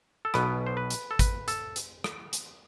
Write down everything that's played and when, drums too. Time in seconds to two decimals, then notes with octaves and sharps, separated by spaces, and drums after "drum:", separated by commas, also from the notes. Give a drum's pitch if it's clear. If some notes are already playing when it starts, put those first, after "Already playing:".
0.25 A4
0.34 B1 B2 B3 B4, drum: rim click
0.66 C5
0.77 B4
0.90 drum: hi-hat
1.11 A4
1.19 B4, drum: kick, hi-hat
1.48 A4, drum: hi-hat
1.76 drum: hi-hat
2.04 drum: rim click
2.33 drum: hi-hat